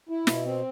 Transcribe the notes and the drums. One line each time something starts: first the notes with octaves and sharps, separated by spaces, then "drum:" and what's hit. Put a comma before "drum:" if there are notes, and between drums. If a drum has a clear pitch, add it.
E4
B2, drum: snare
C4